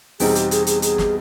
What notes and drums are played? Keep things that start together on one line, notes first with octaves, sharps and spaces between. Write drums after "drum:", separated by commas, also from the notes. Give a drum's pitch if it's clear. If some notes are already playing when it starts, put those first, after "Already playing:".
E2 B2 G3 C4 D#4 G#4, drum: open hi-hat
G4, drum: hi-hat
G#4, drum: hi-hat
G#4, drum: hi-hat
G#4, drum: hi-hat
drum: snare